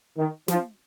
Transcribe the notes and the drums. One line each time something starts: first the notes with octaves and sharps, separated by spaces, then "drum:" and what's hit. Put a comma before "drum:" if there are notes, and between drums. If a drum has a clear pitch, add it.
D#3
F3, drum: snare